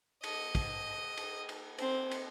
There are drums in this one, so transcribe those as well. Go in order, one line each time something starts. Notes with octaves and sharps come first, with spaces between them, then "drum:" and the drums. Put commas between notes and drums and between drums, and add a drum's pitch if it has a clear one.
D#5, drum: cymbal
drum: kick, cymbal
drum: cymbal
drum: cymbal
C4, drum: cymbal
drum: cymbal